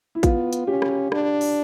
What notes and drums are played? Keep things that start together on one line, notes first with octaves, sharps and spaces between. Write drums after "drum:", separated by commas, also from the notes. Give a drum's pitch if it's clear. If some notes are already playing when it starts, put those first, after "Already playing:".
E4
B3 F4, drum: kick, hi-hat
drum: hi-hat
C#4 G4
drum: rim click
D4, drum: rim click
drum: open hi-hat